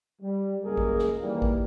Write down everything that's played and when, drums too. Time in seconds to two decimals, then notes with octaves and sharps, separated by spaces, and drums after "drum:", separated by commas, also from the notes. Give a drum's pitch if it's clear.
0.21 G3
0.64 C#2 F#2 G#3 A#3 G#4 A#4
0.77 drum: kick
0.99 drum: snare
1.20 D#2 E3 G3 A#3
1.42 drum: kick